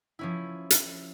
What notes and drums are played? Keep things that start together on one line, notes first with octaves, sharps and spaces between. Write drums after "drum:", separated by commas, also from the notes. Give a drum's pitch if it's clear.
F3 C#4 E4
drum: hi-hat